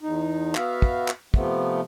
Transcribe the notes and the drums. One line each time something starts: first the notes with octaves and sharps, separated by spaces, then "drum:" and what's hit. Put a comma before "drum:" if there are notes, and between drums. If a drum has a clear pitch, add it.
E2 D#4
B3 F#4 E5 F5, drum: clap
drum: kick
drum: clap
C3 F3 A3 B3, drum: kick